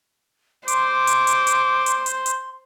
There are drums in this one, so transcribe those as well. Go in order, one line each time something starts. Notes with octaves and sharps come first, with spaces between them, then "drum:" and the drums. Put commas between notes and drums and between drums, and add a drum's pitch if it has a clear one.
C5 C6 D6, drum: hi-hat
drum: hi-hat
drum: hi-hat
drum: hi-hat
drum: hi-hat
drum: hi-hat
drum: hi-hat